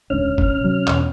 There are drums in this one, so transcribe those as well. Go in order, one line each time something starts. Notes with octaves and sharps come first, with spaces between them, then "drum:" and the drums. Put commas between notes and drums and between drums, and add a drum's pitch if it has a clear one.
D#1 C#2 D3 C#4 F6
drum: kick F#1
C3 F#3
E2 B2, drum: clap